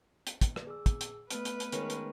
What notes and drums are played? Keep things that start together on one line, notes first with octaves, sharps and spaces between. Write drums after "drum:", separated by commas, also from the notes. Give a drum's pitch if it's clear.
drum: hi-hat
drum: kick, hi-hat
drum: rim click
G#4 E6
drum: kick, hi-hat
drum: hi-hat
A3 B3 B4 F6, drum: hi-hat
drum: hi-hat
drum: hi-hat
D#3 G#3 C#4, drum: hi-hat
drum: hi-hat